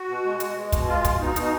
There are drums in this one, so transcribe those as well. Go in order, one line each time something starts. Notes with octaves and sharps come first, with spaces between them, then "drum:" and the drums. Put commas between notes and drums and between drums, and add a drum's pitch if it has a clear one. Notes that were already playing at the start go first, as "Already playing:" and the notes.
Already playing: F#4
B2
G#3
G#3, drum: hi-hat
G#3
B2, drum: kick, hi-hat
G#3 F4
B2, drum: kick, hi-hat
B2 D#4
B2, drum: hi-hat
D#4